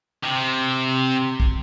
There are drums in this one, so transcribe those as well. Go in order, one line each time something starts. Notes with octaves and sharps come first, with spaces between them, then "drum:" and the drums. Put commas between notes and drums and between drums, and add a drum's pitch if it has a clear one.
C3
drum: kick A#1